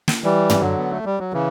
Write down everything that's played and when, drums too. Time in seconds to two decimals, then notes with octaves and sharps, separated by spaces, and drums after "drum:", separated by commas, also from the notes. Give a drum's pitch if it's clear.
0.08 drum: snare
0.24 E3 G3
0.49 drum: tom
0.60 D3 F#3
0.78 B3
0.91 A3
1.05 G3
1.19 F#3
1.33 C#3 E3